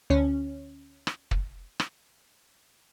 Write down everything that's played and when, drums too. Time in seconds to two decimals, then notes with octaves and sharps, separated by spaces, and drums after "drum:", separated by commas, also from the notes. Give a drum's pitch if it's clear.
0.10 D2 C#4
1.07 drum: rim click
1.31 drum: kick
1.80 drum: rim click